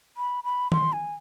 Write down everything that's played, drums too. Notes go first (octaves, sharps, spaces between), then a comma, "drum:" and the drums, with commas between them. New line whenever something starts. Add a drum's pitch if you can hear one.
B5
B5
C6, drum: tom
G#5